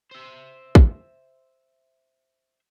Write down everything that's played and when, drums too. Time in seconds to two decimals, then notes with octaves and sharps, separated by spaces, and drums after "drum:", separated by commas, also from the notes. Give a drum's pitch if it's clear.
0.11 C5 E5
0.75 drum: kick